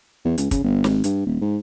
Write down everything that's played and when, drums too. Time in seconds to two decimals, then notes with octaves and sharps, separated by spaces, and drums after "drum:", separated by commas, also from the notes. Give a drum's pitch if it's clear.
0.25 E2
0.38 C#2, drum: hi-hat
0.51 C#3, drum: kick, hi-hat
0.64 G1
0.84 G#1, drum: snare
1.04 G2, drum: hi-hat
1.26 D#1
1.41 G#2